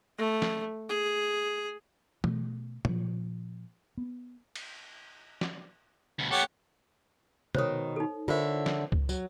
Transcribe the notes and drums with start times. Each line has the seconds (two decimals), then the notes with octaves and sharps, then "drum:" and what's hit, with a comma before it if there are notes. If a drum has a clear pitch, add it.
0.18 A3
0.42 drum: snare
0.89 G#4
2.24 B2 A3, drum: tom E3
2.85 A#2 F3, drum: tom A#2
3.98 B3
4.55 drum: cymbal
5.41 drum: snare
6.19 D2 B2
6.31 B3 G4 A4 C#5 F#5
7.55 B2 D#3 C5 C#5 D#6, drum: tom C3
7.96 D#4 A4
8.28 D3 F4 A#4 C5 C#5 E5
8.66 drum: snare
8.92 drum: kick C#2
9.09 F#3, drum: tambourine